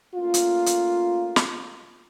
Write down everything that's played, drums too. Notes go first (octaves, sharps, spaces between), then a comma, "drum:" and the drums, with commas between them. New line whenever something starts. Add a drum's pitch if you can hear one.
A3 A#3 C#4 F4
drum: hi-hat
drum: hi-hat
drum: snare